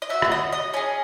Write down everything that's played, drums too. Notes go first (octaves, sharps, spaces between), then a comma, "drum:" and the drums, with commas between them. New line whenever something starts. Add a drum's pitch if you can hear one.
D#5
B3 F#4 E5
drum: rim click
D#5
D#5
C#4 G#4 D#5